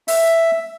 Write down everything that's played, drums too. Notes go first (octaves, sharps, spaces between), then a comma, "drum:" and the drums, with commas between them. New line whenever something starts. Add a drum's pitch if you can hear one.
E5, drum: open hi-hat